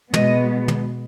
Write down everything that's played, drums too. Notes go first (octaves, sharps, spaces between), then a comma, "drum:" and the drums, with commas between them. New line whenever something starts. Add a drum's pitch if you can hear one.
B2 G#3 B3 D#5, drum: tom
drum: tom